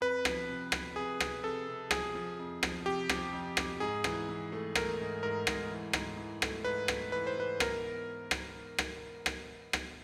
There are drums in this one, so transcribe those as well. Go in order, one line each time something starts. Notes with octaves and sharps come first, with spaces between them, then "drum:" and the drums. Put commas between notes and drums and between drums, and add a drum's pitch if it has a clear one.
F2 B4
F3, drum: rim click
C3
F2, drum: rim click
C3 G#4
C3, drum: rim click
C3 A4
C3
F3 G#4, drum: rim click
F3
F2
F3, drum: rim click
C3 G4
F3, drum: rim click
F2
F2, drum: rim click
G#2 G#4
E3, drum: rim click
E3
A3
A3 A#4, drum: rim click
G#2
G#2 A#4
G#2, drum: rim click
E3
G#2, drum: rim click
E3
A3, drum: rim click
G#2 B4
A3, drum: rim click
E3 B4
C5
G#2 B4
B3 A#4, drum: rim click
drum: rim click
drum: rim click
drum: rim click
drum: rim click